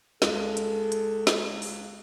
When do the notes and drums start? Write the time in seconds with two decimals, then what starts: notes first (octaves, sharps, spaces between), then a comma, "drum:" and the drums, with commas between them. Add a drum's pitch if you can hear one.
0.22 C#2 G#3 A4, drum: snare
0.57 drum: hi-hat
0.92 drum: hi-hat
1.27 drum: snare
1.62 drum: open hi-hat